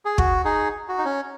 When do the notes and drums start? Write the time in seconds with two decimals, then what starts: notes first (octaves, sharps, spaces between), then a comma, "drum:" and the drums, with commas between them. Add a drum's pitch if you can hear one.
0.05 G#4
0.18 F#4, drum: kick
0.45 D#4 G#4
0.89 F#4
0.98 D#4
1.05 C#4